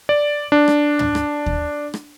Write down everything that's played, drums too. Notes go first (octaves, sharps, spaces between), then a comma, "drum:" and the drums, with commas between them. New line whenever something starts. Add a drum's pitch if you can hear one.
D5
D4
drum: rim click
drum: tom
drum: rim click
drum: kick D#2
drum: rim click